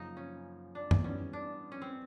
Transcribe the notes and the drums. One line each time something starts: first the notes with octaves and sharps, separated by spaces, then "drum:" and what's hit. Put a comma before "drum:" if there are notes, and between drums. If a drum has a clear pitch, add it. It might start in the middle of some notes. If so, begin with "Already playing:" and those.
Already playing: F#2 C#3 F3 A#3 D#4
C#4
D4
drum: tom F#2
G#2 E3 G3 B3 C#4
D4
C#4
C4